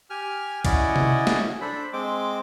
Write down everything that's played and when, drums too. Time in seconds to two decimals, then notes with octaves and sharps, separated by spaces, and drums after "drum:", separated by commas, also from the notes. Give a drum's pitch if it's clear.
0.10 G4 G#5 F6
0.65 C#4 E4 F#4 D5 D#5, drum: kick B1, cymbal
0.96 drum: tom C3
1.27 drum: snare
1.61 D4 A4 C5 B5
1.93 G#3 C4 D6